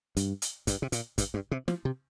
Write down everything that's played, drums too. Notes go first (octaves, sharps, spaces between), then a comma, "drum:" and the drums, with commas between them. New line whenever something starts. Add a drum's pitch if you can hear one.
G2, drum: hi-hat
drum: hi-hat
G2, drum: kick, hi-hat
C3
A#2, drum: hi-hat
G2, drum: kick, hi-hat
G2
C3
F3, drum: snare
C3